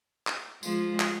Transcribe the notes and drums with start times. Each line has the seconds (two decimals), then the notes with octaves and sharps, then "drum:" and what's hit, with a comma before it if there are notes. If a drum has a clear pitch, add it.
0.27 drum: clap
0.63 F3 G#3, drum: tambourine
1.00 drum: clap